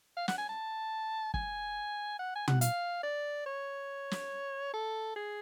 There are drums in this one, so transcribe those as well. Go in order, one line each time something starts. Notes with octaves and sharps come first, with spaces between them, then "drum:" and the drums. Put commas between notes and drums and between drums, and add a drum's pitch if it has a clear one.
F5
F#5, drum: snare
G#5
A5
G#5, drum: kick
F#5
G#5
F#5, drum: tom
F5, drum: hi-hat
D5
C#5
drum: snare
A4
G#4